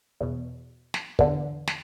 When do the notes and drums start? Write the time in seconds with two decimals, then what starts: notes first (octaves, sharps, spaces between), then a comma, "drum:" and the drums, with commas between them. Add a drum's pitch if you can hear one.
0.21 E2 B2
0.94 drum: snare
1.19 E2 D3, drum: kick
1.68 drum: snare